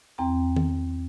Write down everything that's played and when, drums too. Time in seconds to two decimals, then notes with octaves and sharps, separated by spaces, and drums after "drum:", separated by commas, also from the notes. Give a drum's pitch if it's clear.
0.18 E2 C4 G5 A#5
0.56 drum: tom D#3